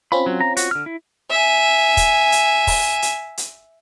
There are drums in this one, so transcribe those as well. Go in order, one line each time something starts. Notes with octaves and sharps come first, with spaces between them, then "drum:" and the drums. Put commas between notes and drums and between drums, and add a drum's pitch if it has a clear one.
C4 C#4 F4 B5
F#3
A#5
F#4, drum: hi-hat
D3 F6
E4
E5 G#5
drum: kick, hi-hat
drum: hi-hat
drum: kick, open hi-hat
drum: hi-hat
drum: hi-hat